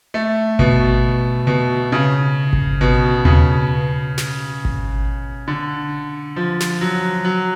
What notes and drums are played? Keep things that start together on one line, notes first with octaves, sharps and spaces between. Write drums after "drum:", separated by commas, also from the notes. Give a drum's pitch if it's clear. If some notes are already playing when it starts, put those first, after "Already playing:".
A3
B2, drum: kick G#1
B2
C#3
drum: kick G#1
B2
C#3, drum: tom D#2
drum: snare
drum: kick G#1
D3
F3
drum: snare
F#3
F#3